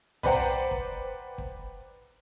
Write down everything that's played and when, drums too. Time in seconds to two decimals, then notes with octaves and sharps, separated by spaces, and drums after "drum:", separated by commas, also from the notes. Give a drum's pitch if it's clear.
0.23 B4 C5 D5 F#5 G5 A#5, drum: tom
0.71 drum: kick
1.38 drum: kick